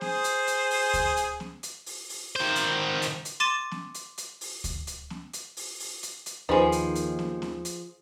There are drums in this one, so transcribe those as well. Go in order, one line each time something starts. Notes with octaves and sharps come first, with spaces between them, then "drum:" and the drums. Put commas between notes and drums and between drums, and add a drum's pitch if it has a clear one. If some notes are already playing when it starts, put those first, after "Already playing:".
G#4 C5, drum: snare B3
drum: hi-hat
drum: hi-hat
drum: open hi-hat
drum: kick D2, hi-hat
drum: hi-hat
drum: snare B3
drum: hi-hat
drum: open hi-hat
drum: open hi-hat
D#3 C5
drum: hi-hat
drum: hi-hat
drum: hi-hat
C6 D6 A6 D#7 E7
drum: snare B3
drum: hi-hat
drum: hi-hat
drum: open hi-hat
drum: kick D2, hi-hat
drum: hi-hat
drum: snare B3
drum: hi-hat
drum: open hi-hat
drum: open hi-hat
drum: hi-hat
drum: hi-hat
D#2 D#3 F3 G#4 B4 C5 B5
drum: hi-hat
drum: hi-hat
drum: snare B3
drum: snare B3
drum: hi-hat